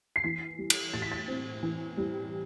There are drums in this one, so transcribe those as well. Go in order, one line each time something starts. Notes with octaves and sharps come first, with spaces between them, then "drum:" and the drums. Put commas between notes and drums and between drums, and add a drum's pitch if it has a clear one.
C7
E3 B6
G3
drum: cymbal
A2 A6
B6
A6
C4
E3
G3